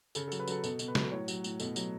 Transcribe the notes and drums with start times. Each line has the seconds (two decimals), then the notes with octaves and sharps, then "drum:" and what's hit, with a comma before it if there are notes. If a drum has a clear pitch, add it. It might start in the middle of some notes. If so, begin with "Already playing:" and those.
0.15 C#3 A4, drum: tambourine
0.28 A4
0.32 F#3, drum: tambourine
0.40 B4
0.47 F#3 A4, drum: tambourine
0.64 B2 A4, drum: tambourine
0.79 B2, drum: tambourine
0.88 B4
0.95 F#3, drum: snare
1.12 A2 C#5
1.28 F#3, drum: tambourine
1.44 A2, drum: tambourine
1.60 B2 A4, drum: tambourine
1.76 F#3, drum: tambourine